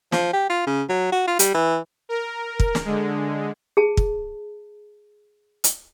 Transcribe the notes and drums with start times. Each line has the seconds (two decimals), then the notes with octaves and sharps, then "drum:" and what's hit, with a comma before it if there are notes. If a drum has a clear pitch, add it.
0.12 F3, drum: snare
0.33 G4
0.50 F4
0.67 C#3
0.89 F#3
1.12 F#4
1.27 F4
1.39 G3, drum: hi-hat
1.54 E3
2.09 A#4
2.60 drum: kick
2.75 drum: snare
2.85 D3 G#3
3.77 G#4 A5
3.97 drum: kick
5.64 drum: hi-hat